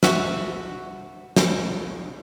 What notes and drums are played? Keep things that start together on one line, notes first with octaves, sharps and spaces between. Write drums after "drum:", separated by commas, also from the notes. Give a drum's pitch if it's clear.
F#4 E5, drum: snare
drum: snare